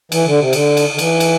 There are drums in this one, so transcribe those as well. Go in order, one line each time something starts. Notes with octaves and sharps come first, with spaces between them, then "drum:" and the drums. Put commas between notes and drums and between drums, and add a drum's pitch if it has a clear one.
E3, drum: cymbal
D3
C3
D3, drum: cymbal
drum: cymbal
D3
E3, drum: cymbal
drum: cymbal